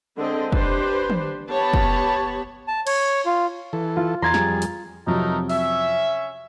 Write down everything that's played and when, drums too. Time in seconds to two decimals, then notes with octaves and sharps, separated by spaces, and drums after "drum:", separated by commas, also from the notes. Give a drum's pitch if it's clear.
0.16 D3 G#3 C4 A4 D#5
0.52 D4 G4 B4 C5, drum: kick
1.10 drum: tom
1.50 B3 G4 C#5 A5 B5
1.74 drum: kick
2.68 A5
2.87 C#5, drum: cymbal
3.26 F4
3.73 E3 A4
3.97 F4
4.22 E2 A#5 C6 G#6 A6
4.34 F2 G3 G#4, drum: snare
4.62 drum: hi-hat
5.07 F2 C3 F#3 A3 D#4 A#4
5.50 C#4 E5, drum: open hi-hat